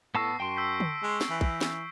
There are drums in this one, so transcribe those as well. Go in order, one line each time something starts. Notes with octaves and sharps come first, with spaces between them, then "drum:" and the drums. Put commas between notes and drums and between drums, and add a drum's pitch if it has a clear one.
A2 B3 A5 C#6 E6 A#6 C7
F#2 G5 A5 C6 D7
E6 G6 B6
drum: tom D3
G#3
drum: snare
E3
drum: kick
drum: snare